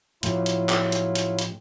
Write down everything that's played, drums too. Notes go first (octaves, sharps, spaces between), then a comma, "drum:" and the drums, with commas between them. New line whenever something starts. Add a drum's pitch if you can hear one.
A2 F3 F#3 A3 E4 F4, drum: hi-hat
drum: hi-hat
drum: clap
drum: hi-hat
drum: hi-hat
drum: hi-hat